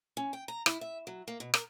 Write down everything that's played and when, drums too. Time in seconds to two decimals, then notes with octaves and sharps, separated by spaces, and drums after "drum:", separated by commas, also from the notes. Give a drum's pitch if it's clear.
0.17 C#4
0.33 G5
0.48 A#5
0.66 E4, drum: rim click
0.81 E5
1.07 F#3
1.28 A#3
1.40 B2
1.54 A#4, drum: rim click